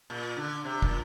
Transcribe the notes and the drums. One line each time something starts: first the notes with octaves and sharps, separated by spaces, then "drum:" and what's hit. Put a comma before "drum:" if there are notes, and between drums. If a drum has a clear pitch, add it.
A#2
D3
C3
A#2, drum: kick